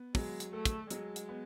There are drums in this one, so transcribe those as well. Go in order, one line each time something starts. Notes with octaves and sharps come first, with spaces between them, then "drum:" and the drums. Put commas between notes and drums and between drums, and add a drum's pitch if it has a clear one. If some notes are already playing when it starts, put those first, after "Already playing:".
Already playing: B3
F#3 G#3, drum: kick, open hi-hat
drum: hi-hat
A3 A4
drum: kick, hi-hat
F#3 G#3, drum: hi-hat
drum: hi-hat
B3